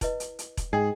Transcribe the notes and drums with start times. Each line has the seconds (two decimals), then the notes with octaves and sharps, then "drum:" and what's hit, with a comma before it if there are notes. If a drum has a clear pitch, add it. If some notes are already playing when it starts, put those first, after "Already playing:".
0.01 E4 B4 D#5, drum: kick E1, hi-hat
0.20 drum: hi-hat
0.39 drum: hi-hat
0.57 drum: kick E1, hi-hat
0.73 G#2 G#4 D#5 G5